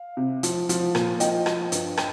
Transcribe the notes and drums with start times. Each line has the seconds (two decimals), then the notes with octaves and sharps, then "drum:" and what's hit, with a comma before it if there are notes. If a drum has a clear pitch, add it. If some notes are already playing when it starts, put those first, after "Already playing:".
Already playing: F5
0.17 C3
0.43 F3, drum: hi-hat
0.69 F3, drum: hi-hat
0.95 A#2, drum: rim click
1.20 F3 D#5 G5, drum: hi-hat
1.46 F3, drum: rim click
1.72 G2, drum: hi-hat
1.97 G5, drum: rim click